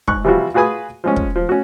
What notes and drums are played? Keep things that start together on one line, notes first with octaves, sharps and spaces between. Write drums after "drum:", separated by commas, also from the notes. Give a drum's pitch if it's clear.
G#2 C#6 F#6, drum: kick
C3 E3 F3 G3 F4 F#4
F4 F#4 G#4 B4 G#5 D#6
F3 G#3 C#4
drum: kick
F3
C#4 F#4